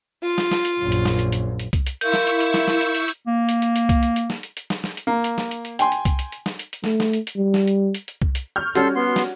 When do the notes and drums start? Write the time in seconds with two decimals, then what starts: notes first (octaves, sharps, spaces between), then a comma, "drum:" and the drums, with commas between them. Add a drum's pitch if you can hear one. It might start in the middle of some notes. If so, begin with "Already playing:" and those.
0.23 F4
0.38 drum: snare
0.51 drum: snare
0.65 drum: hi-hat
0.78 A#1 F#2
0.92 drum: hi-hat
1.05 drum: snare
1.19 drum: hi-hat
1.32 drum: hi-hat
1.59 drum: hi-hat
1.73 drum: kick C2, hi-hat
1.87 drum: hi-hat
2.01 E4 A#4 F5 C6 C#6 E6 G6, drum: hi-hat
2.14 drum: snare
2.27 drum: hi-hat
2.41 drum: hi-hat
2.54 drum: snare
2.68 drum: snare
2.81 drum: hi-hat
2.95 drum: hi-hat
3.08 drum: hi-hat
3.27 A#3
3.49 drum: hi-hat
3.62 drum: hi-hat
3.76 drum: hi-hat
3.89 drum: kick C2, hi-hat
4.03 drum: hi-hat
4.16 drum: hi-hat
4.30 drum: snare
4.43 drum: hi-hat
4.57 drum: hi-hat
4.70 drum: snare
4.84 drum: snare
4.97 drum: hi-hat
5.07 A#3
5.24 drum: hi-hat
5.38 drum: snare
5.51 drum: hi-hat
5.65 drum: hi-hat
5.79 G5 G#5 C6, drum: hi-hat
5.92 drum: hi-hat
6.05 drum: kick C2, hi-hat
6.19 drum: hi-hat
6.32 drum: hi-hat
6.46 drum: snare
6.59 drum: hi-hat
6.73 drum: hi-hat
6.84 A3, drum: snare
7.00 drum: snare
7.13 drum: hi-hat
7.27 drum: hi-hat
7.37 G3
7.54 drum: snare
7.68 drum: hi-hat
7.95 drum: hi-hat
8.08 drum: hi-hat
8.22 drum: kick C2
8.35 drum: hi-hat
8.56 C#6 F6 G6
8.75 G3 C#4 F#4 A4 C6, drum: hi-hat
8.96 B3 C6
9.16 drum: snare